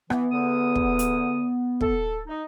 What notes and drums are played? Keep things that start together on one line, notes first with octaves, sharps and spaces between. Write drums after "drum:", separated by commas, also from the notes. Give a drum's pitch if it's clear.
E3 B3, drum: rim click
E2 D3 D#6
drum: kick
drum: hi-hat
A4, drum: kick
D#4